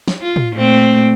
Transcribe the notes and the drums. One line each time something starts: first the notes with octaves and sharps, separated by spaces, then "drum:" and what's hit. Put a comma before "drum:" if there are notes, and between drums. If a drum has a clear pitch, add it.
drum: snare
F4
drum: tom
A#2 A3 C4